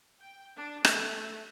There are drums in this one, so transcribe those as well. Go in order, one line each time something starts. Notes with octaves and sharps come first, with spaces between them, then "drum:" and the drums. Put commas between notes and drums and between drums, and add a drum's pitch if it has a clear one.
G5
D4
A3, drum: rim click